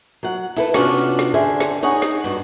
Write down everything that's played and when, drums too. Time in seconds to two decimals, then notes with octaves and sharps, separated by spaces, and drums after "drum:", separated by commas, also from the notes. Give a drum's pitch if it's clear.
0.23 F#3 F#5
0.56 E4 A4 B4, drum: open hi-hat
0.74 C3 B3 C#4 D4 F4 F#4, drum: snare
0.98 drum: hi-hat
1.19 drum: snare
1.34 D3 C4 G#4 E5
1.60 drum: snare
1.82 D#4 G#4 C#5 F#5, drum: hi-hat
2.02 drum: snare
2.24 G2 F#4, drum: open hi-hat